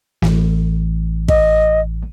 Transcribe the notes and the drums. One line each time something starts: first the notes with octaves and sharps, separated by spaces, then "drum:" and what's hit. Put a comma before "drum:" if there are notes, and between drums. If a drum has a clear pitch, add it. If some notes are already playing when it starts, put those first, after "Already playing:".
A1, drum: snare
D#5, drum: kick